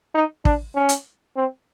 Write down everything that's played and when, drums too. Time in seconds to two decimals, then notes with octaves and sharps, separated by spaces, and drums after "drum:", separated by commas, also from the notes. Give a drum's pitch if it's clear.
0.15 D#4
0.45 D4, drum: kick
0.75 C#4
0.89 drum: hi-hat
1.36 C4